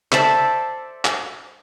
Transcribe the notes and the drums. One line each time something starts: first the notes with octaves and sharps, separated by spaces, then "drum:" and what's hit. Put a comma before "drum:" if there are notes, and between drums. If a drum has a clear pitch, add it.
A4 C5 D5 E5, drum: clap
drum: clap